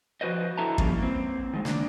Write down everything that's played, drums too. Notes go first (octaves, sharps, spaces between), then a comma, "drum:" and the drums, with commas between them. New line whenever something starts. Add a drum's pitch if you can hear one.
F3 F#4 B4 C5 D#5
D3 E4 A4 E5 A5 A#5
F3 G3 A#3 C#4, drum: kick
A#3 C4
D#3 G#3
A#3 D4, drum: snare